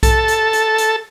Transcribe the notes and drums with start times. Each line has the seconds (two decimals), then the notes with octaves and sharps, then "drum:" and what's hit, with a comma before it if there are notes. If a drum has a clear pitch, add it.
0.03 A4, drum: kick B1, hi-hat
0.28 drum: hi-hat
0.53 drum: hi-hat
0.78 drum: hi-hat